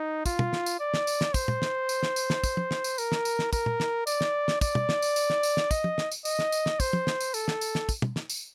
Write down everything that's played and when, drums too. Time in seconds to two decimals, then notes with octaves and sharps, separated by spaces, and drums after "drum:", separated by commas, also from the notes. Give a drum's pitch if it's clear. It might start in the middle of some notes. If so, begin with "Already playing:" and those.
Already playing: D#4
0.26 F4, drum: kick, tambourine
0.39 drum: tom
0.53 drum: snare
0.66 drum: tambourine
0.80 D5
0.94 drum: snare
1.07 drum: tambourine
1.21 drum: snare
1.34 C5, drum: kick, tambourine
1.48 drum: tom
1.62 drum: snare
1.89 drum: tambourine
2.03 drum: snare
2.16 drum: tambourine
2.30 drum: snare
2.44 drum: kick, tambourine
2.57 drum: tom
2.71 drum: snare
2.84 drum: tambourine
2.98 A#4, drum: tambourine
3.12 drum: snare
3.25 drum: tambourine
3.39 drum: snare
3.53 A#4, drum: kick, tambourine
3.66 drum: tom
3.80 drum: snare
4.07 D5, drum: tambourine
4.21 drum: snare
4.48 drum: snare
4.61 D5, drum: kick, tambourine
4.75 drum: tom
4.89 drum: snare
5.02 drum: tambourine
5.16 drum: tambourine
5.30 drum: snare
5.43 drum: tambourine
5.57 drum: snare
5.71 D#5, drum: kick, tambourine
5.84 drum: tom
5.98 drum: snare
6.11 drum: tambourine
6.25 D#5, drum: tambourine
6.39 drum: snare
6.52 drum: tambourine
6.66 drum: snare
6.80 C5, drum: kick, tambourine
6.93 drum: tom
7.07 drum: snare
7.20 drum: tambourine
7.34 A4, drum: tambourine
7.48 drum: snare
7.61 drum: tambourine
7.75 drum: snare
7.89 drum: kick, tambourine
8.02 drum: tom
8.16 drum: snare
8.30 drum: tambourine